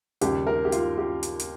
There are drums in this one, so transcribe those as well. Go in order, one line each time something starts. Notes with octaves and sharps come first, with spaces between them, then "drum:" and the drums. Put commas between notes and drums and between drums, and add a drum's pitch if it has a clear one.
D#2 C#3 G3 G4, drum: hi-hat
A#4
G4
F4, drum: hi-hat
G4
drum: hi-hat
drum: hi-hat